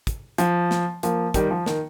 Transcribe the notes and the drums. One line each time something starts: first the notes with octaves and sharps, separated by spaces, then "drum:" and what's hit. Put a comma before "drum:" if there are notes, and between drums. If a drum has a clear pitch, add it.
drum: kick, hi-hat
F3, drum: hi-hat
drum: snare
F3 A#3, drum: hi-hat
D#3 G3, drum: kick, hi-hat
F3
D#3, drum: snare